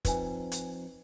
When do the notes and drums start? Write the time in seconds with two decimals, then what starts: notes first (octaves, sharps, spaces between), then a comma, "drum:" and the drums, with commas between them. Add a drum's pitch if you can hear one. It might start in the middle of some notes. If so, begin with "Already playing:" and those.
0.05 F3 C4 D#4 B4 G#5, drum: kick, hi-hat
0.52 drum: hi-hat